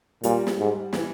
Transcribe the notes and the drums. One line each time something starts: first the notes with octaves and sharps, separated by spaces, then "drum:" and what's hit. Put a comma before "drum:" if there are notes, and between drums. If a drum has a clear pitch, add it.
A#2 G3, drum: hi-hat
drum: snare
G#2
E3, drum: snare